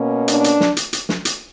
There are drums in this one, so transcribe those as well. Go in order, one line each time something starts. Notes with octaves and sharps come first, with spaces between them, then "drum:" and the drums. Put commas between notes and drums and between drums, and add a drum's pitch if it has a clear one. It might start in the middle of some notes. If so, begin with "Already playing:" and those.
Already playing: B2 A#3 C#4
D4, drum: hi-hat
drum: hi-hat
drum: snare
drum: hi-hat
drum: hi-hat
drum: snare
drum: hi-hat